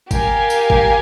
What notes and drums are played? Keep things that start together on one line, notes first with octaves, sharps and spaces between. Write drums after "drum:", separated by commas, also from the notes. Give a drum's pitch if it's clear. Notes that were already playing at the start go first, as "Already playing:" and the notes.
G4 A#4 F5 G#5, drum: kick G#1, tambourine
drum: tambourine
drum: kick G#1